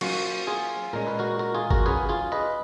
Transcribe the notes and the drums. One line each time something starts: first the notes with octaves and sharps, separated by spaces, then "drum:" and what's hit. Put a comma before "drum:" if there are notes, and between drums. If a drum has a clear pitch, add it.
F#3 A#3 C#4 F4 F#4, drum: cymbal
F4 G#4
A#2 G#3 C#4 A#4
B4
F#4 A#4
F#4 A#4
F4 G#4
F#4 A#4, drum: kick G1
F#3 C#4 F4 G#4 B4
F4 G#4
B4 D#5